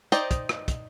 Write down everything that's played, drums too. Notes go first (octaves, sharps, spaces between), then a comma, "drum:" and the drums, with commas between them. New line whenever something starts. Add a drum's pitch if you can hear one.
D#4 C5 D5 D#5 G5, drum: hi-hat
drum: kick, hi-hat
drum: rim click
drum: kick, hi-hat